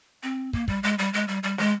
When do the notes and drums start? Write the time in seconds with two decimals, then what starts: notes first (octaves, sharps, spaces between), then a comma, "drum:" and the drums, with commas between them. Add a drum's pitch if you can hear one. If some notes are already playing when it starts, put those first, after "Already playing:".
0.23 C4
0.53 A#3, drum: kick
0.68 G3, drum: kick
0.83 G#3
0.98 G3
1.13 G#3
1.28 G3
1.43 G3
1.58 G#3, drum: snare